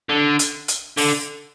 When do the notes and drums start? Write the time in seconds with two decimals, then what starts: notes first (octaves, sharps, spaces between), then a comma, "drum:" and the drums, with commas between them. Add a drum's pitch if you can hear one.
0.09 D3
0.39 drum: hi-hat
0.68 drum: hi-hat
0.97 D3, drum: open hi-hat